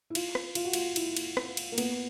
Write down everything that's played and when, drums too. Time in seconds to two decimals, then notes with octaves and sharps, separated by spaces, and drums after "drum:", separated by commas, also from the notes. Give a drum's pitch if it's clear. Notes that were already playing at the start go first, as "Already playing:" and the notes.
0.10 E4
0.15 F4, drum: cymbal
0.35 drum: rim click
0.55 F4, drum: cymbal
0.65 F#4
0.73 F4, drum: cymbal
0.96 E4, drum: cymbal
1.17 drum: cymbal
1.37 drum: rim click
1.57 drum: cymbal
1.72 A#3
1.78 B3, drum: cymbal